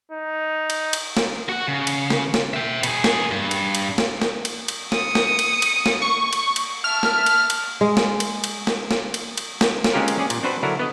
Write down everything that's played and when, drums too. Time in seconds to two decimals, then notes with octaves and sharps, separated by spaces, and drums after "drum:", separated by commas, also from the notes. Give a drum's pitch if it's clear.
0.12 D#4
0.70 drum: cymbal
0.93 drum: cymbal
1.17 drum: snare
1.49 F#4 F#5
1.68 C#3
1.87 drum: cymbal
2.10 drum: snare
2.34 drum: snare
2.54 E5 G5
2.83 B2 G#4, drum: cymbal
3.04 drum: snare
3.31 G2
3.51 drum: cymbal
3.75 drum: cymbal
3.98 drum: snare
4.22 drum: snare
4.45 drum: cymbal
4.68 drum: cymbal
4.92 D#6 C#7, drum: snare
5.15 drum: snare
5.39 drum: cymbal
5.62 drum: cymbal
5.86 drum: snare
6.02 C#6
6.33 drum: cymbal
6.56 drum: cymbal
6.84 E5 A5 F6
7.03 drum: snare
7.26 drum: cymbal
7.50 drum: cymbal
7.81 G#3
7.97 drum: snare
8.20 drum: cymbal
8.44 drum: cymbal
8.67 drum: snare
8.91 drum: snare
9.14 drum: cymbal
9.38 drum: cymbal
9.61 drum: snare
9.84 drum: snare
9.93 G#3 C4 C#4 F4 G4 A#4
10.08 drum: cymbal
10.18 C#4 G#4 D5
10.30 A#2, drum: cymbal
10.43 C4 D4 F#4 B4 C5
10.63 D3 F#3 D4 E4 F#4 A#4
10.79 B3 D#5